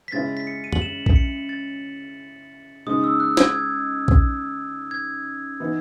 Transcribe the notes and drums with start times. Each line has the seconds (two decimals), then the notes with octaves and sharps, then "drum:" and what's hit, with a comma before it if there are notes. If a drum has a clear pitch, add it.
0.08 B6
0.12 C#3 G#3 C#4 E4 A6
0.37 B6
0.47 C#7
0.64 D#7
0.72 F#7, drum: tom
0.82 E7
1.06 B6, drum: kick A#1
1.16 C#7
1.49 A6
2.86 C#3 G#3 D#4 D#6
3.04 E6
3.20 F#6
3.37 G#6, drum: snare
3.55 G#6
4.08 drum: kick A#1
4.91 G#6
5.60 E3 B3 D#4